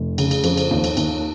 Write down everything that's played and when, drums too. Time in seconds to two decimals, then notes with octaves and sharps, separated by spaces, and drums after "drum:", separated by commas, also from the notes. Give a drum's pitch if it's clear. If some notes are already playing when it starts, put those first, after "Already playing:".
Already playing: F1
0.18 C#3, drum: cymbal
0.31 drum: cymbal
0.44 F2, drum: cymbal
0.57 drum: cymbal
0.71 D#2, drum: tom G2
0.84 drum: cymbal
0.97 D#2, drum: cymbal